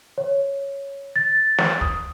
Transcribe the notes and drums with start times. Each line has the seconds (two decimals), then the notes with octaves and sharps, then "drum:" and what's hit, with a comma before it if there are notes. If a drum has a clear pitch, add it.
0.18 C#5
1.16 A6
1.58 drum: snare
1.81 D#6, drum: kick